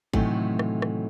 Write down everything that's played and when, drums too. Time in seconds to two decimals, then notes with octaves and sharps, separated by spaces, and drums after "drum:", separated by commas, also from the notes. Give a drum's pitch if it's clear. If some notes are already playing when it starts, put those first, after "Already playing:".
0.14 A2 C3 D#3 E3 F#3 A3, drum: kick G#1
0.59 drum: rim click
0.82 drum: rim click